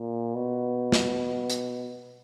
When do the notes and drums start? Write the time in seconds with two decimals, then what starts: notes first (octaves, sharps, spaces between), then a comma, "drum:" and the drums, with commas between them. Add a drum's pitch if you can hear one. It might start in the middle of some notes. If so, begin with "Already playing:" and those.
Already playing: A#2
0.35 B2
0.92 drum: snare
1.50 drum: hi-hat